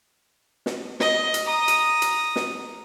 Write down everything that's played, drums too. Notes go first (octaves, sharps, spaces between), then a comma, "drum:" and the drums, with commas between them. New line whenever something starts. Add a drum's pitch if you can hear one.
drum: snare
D#5, drum: snare
drum: hi-hat
A#5 D#6
drum: hi-hat
drum: hi-hat
drum: snare